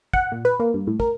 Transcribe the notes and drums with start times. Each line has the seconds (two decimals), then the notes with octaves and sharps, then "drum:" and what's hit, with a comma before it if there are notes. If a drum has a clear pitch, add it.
0.13 F#5, drum: kick
0.32 A#2
0.45 B4
0.60 A#3
0.74 G2
0.87 A2
1.00 A#4, drum: kick